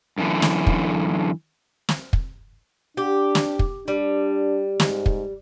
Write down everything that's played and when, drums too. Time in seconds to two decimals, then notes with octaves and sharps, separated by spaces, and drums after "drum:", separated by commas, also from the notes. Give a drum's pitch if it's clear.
0.18 F#2 D3 E3
0.42 drum: snare
0.67 drum: kick
1.89 drum: snare
2.13 drum: kick
2.97 D4 G4
3.35 drum: snare
3.59 drum: kick
3.88 G3 D4
4.80 G#2, drum: snare
5.06 drum: kick